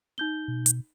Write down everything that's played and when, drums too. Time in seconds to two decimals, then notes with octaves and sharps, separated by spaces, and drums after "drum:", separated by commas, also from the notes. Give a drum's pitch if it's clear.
0.18 D#4 G6 G7
0.48 B2
0.66 drum: hi-hat